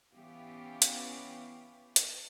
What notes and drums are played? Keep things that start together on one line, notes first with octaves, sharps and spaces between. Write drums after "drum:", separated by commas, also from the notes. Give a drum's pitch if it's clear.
E3 B3 C#4 G4 F5
drum: hi-hat
drum: hi-hat